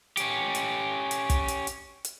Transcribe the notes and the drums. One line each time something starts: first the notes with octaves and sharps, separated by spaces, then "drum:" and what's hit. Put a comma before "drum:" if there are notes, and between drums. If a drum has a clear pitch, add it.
C#4 G4, drum: hi-hat
drum: hi-hat
drum: hi-hat
drum: kick, hi-hat
drum: hi-hat
drum: hi-hat
drum: hi-hat